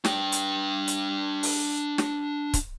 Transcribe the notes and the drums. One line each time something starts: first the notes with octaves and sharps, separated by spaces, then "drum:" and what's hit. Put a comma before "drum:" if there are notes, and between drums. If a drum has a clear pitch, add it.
D4 G5, drum: snare
drum: hi-hat
drum: hi-hat
drum: open hi-hat
drum: snare
drum: kick, hi-hat